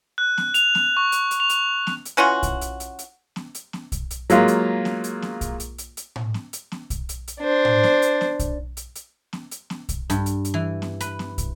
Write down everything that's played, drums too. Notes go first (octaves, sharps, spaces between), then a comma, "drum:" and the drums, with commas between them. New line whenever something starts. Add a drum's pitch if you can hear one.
F#6
drum: snare B3
F7, drum: hi-hat
drum: snare B3
C#6
drum: hi-hat
drum: hi-hat
F7
drum: hi-hat
drum: snare B3
drum: hi-hat
E3 C#4 F4 F#4
drum: kick, hi-hat
drum: hi-hat
drum: hi-hat
drum: hi-hat
drum: snare B3
drum: hi-hat
drum: snare B3
drum: kick, hi-hat
drum: hi-hat
F#3 G#3 A#3 F4, drum: hi-hat
drum: hi-hat
drum: snare B3
drum: hi-hat
drum: snare B3
drum: kick, hi-hat
drum: hi-hat
drum: hi-hat
drum: hi-hat
drum: tom A2
drum: snare B3
drum: hi-hat
drum: snare B3
drum: kick, hi-hat
drum: hi-hat
drum: hi-hat
D4 C5
drum: tom A2
drum: snare B3
drum: hi-hat
drum: snare B3
drum: kick, hi-hat
drum: hi-hat
drum: hi-hat
drum: snare B3
drum: hi-hat
drum: snare B3
drum: kick, hi-hat
G2, drum: hi-hat
drum: hi-hat
drum: hi-hat
E3
drum: snare B3
B4, drum: hi-hat
drum: snare B3
drum: kick, hi-hat